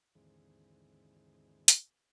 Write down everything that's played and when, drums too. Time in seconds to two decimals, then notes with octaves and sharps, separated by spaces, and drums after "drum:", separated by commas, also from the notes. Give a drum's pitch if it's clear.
0.15 D#2 G#2 D3 E3 G#3 C4
1.68 drum: hi-hat